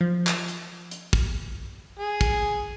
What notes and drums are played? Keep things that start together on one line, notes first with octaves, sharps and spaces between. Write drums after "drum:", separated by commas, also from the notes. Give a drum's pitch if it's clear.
F3
drum: clap
drum: hi-hat
drum: hi-hat
drum: kick
G#4
drum: kick, hi-hat